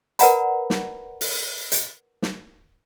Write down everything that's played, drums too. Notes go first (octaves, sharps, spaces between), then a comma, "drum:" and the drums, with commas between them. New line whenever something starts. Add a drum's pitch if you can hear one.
A#4 B4 D5 F#5 A#5 B5, drum: hi-hat
drum: snare
drum: open hi-hat
drum: hi-hat
drum: snare